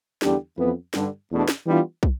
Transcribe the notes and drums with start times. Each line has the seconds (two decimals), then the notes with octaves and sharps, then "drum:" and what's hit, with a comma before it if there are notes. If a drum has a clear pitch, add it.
0.22 E2 D3 G3 D4 G4, drum: snare
0.58 F2 E3 B3
0.94 G2 D3 G3 D4, drum: snare
1.31 E2 B2 A3 D4
1.48 drum: snare
1.67 E3 G3 B3 D4 F4
2.03 drum: kick